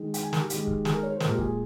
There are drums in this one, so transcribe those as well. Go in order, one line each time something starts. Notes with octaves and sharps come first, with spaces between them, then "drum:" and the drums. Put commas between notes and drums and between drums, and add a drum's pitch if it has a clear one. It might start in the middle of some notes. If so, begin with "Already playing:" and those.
Already playing: D#3 G#3
G5, drum: hi-hat
G#5
A#4, drum: snare
G4
D#3 G#3, drum: hi-hat
drum: kick
G#4, drum: snare
A#4
C#5
C5
A#2 G#3 A#4, drum: snare
G4
G#4, drum: kick